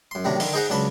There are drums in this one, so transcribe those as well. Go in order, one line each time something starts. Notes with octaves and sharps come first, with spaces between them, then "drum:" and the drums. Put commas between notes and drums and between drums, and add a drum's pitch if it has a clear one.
F#2 C6
A2 C3 D#3 F#3 D4
D3 D#3, drum: open hi-hat
D#4 G#4 C5 D#5 F#5
C#2 F#3 D4 A5 B5